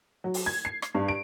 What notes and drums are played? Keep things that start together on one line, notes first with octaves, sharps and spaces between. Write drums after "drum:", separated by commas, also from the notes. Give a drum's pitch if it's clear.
F#3
drum: open hi-hat
G#6
C7
drum: rim click
G2
D7